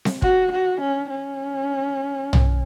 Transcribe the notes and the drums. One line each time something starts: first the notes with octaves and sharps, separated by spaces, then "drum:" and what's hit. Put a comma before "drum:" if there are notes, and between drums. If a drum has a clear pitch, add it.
drum: snare C4
F#4, drum: kick
F#4
C#4
C#4
drum: tom